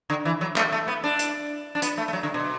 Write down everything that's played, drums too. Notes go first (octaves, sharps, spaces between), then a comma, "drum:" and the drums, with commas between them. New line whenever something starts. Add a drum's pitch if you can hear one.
D3
E3
F#3
A3, drum: clap
A3
B3
D4
drum: hi-hat
D4
B3, drum: hi-hat
A3
A3
F#3
D3
B2